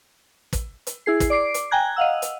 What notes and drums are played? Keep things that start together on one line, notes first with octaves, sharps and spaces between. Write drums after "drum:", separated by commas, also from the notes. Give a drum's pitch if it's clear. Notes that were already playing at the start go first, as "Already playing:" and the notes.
drum: kick, hi-hat
drum: hi-hat
E4 G#4 C7
drum: kick, hi-hat
D5 D6 C7 D7
drum: hi-hat
G5 G#5 A#5 F#6 G#6
D#5 F5 F#5 E6
drum: hi-hat